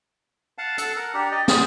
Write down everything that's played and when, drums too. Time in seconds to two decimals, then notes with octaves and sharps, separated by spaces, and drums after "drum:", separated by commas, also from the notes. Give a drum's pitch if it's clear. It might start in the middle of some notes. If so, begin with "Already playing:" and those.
0.58 F5 F#5 A5
0.78 A4 F#5 A5, drum: hi-hat
0.96 A#4 F#5
1.14 D4 G4 A#5
1.32 G4 D#5 A6
1.48 B3 C5 D#6, drum: snare